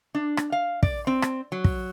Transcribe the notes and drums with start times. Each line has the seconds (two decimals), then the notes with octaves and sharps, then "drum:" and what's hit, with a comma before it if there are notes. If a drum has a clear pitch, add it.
0.15 D4
0.37 drum: rim click
0.52 F5
0.83 D5, drum: kick
1.07 C4
1.22 drum: rim click
1.52 F#3
1.64 drum: kick